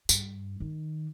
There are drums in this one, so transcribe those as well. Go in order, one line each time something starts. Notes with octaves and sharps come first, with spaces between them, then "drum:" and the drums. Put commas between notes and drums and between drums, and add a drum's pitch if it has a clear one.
G2, drum: tambourine
D#3